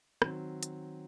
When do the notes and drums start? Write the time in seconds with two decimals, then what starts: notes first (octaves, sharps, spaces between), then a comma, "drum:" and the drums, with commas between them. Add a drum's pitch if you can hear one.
0.22 D#3 F#3 C4, drum: rim click
0.63 drum: hi-hat